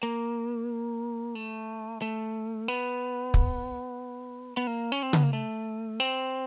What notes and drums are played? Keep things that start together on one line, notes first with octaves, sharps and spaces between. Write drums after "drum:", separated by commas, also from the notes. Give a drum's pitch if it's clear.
A#3
A3
A3
B3
drum: kick
B3
A#3
C#4
C4
B3, drum: tom C#3
A#3
A3
C4